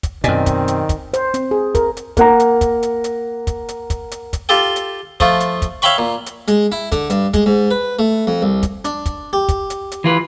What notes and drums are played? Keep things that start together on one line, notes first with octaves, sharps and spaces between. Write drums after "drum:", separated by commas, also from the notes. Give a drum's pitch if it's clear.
drum: kick, hi-hat
F#2 B2 D#3 C4 D5 D#5 G#5, drum: hi-hat
drum: kick, hi-hat
drum: hi-hat
drum: kick, hi-hat
C5, drum: hi-hat
C4, drum: hi-hat
G#4
A#4, drum: kick, hi-hat
drum: hi-hat
A#3 F#5 A#5, drum: kick, hi-hat
drum: hi-hat
drum: kick, hi-hat
drum: hi-hat
drum: hi-hat
drum: kick, hi-hat
drum: hi-hat
drum: kick, hi-hat
drum: hi-hat
drum: kick, hi-hat
F4 G4 A4 G5
drum: hi-hat
F3 A3 F4, drum: kick, hi-hat
drum: hi-hat
drum: kick, hi-hat
C#5 E5 F5 G5 B5 C#6, drum: hi-hat
A#2
drum: hi-hat
G#3, drum: hi-hat
E4
D3, drum: kick, hi-hat
G2, drum: hi-hat
G#3, drum: kick, hi-hat
G#2
B4
A3
F2
C2
drum: kick, hi-hat
D4, drum: hi-hat
drum: kick, hi-hat
G4
drum: kick, hi-hat
drum: hi-hat
drum: hi-hat
E3 F4 B4